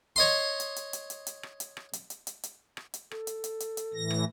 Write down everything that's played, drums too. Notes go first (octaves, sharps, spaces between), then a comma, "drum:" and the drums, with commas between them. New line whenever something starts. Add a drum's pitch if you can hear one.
C#5 D#5 C6
drum: hi-hat
drum: hi-hat
drum: hi-hat
drum: hi-hat
drum: hi-hat
drum: rim click
drum: hi-hat
drum: rim click
drum: hi-hat
drum: hi-hat
drum: hi-hat
drum: hi-hat
drum: rim click
drum: hi-hat
A4, drum: rim click
drum: hi-hat
drum: hi-hat
drum: hi-hat
drum: hi-hat
A2 E3 A#6
drum: rim click